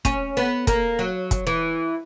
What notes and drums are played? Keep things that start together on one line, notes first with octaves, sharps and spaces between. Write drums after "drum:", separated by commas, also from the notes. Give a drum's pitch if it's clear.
C#4, drum: kick, hi-hat
B3
A#3, drum: kick, hi-hat
F#3
drum: kick, hi-hat
E3